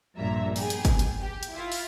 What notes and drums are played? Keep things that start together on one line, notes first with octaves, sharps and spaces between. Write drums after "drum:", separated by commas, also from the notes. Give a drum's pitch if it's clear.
A#1 G2 A#2 E5 A#5
B3 G4 G#4, drum: open hi-hat
drum: hi-hat
drum: kick, hi-hat
drum: hi-hat
G4
drum: hi-hat
E4 F4
drum: open hi-hat